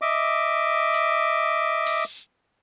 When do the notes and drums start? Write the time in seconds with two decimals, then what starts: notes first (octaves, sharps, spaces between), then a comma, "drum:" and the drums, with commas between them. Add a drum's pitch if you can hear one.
0.02 D#5 E5 D6
0.94 drum: hi-hat
1.86 drum: open hi-hat